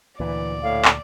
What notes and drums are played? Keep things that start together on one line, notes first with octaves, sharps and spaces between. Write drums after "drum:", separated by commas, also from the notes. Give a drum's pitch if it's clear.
D2 A#2 E3 D5
A2 F5
drum: clap